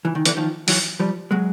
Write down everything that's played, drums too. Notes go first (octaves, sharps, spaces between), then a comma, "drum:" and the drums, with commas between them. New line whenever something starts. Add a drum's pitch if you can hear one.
E3
D#3
D3 E3, drum: hi-hat
D#3 F3
E3 F#3, drum: open hi-hat
F3 G3
F#3 G#3